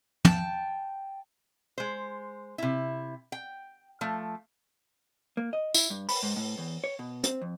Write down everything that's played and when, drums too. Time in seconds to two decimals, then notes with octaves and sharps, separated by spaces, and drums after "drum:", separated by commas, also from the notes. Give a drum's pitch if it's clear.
0.25 G5 A5, drum: tom
1.78 G#3 C5
2.58 C3 E4
3.32 G5
4.01 F3 A3
5.37 A#3
5.53 D#5
5.74 E4, drum: tambourine
5.90 G2
6.09 B5, drum: open hi-hat
6.23 G#2
6.36 A2
6.58 E2
6.84 C#5
6.99 B2
7.24 C4, drum: hi-hat
7.42 F2